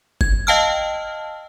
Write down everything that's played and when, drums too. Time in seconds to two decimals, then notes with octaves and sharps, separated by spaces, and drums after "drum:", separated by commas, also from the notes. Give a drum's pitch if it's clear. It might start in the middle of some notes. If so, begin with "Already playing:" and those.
0.21 G#6, drum: kick F#1
0.47 D#5 F5 G5 A5 E6 F6